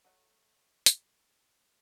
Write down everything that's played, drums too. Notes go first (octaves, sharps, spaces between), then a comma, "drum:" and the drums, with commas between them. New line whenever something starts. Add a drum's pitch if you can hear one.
F#3 A3 F#4 D#5
drum: hi-hat